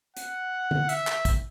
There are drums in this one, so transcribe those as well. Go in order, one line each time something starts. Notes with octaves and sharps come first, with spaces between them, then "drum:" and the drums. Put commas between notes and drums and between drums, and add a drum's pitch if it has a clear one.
F#5, drum: hi-hat
drum: tom D3
E5, drum: hi-hat
drum: clap
drum: kick, hi-hat